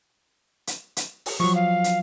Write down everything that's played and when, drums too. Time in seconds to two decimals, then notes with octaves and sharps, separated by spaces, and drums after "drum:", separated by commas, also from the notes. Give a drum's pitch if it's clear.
0.67 drum: hi-hat
0.97 drum: hi-hat
1.26 drum: open hi-hat
1.40 F3 F#3 C#6
1.55 F5
1.84 drum: hi-hat